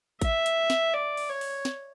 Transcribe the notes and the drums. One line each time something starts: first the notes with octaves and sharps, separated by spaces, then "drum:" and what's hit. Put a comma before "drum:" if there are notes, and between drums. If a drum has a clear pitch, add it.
E5, drum: kick A1, hi-hat
drum: hi-hat
drum: snare
D5
drum: open hi-hat
C#5
drum: open hi-hat
drum: snare